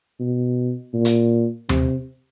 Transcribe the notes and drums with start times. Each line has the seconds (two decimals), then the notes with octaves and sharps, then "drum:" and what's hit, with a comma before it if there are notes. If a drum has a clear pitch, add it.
0.20 B2
0.94 A#2
1.05 drum: hi-hat
1.69 C3, drum: tom D#2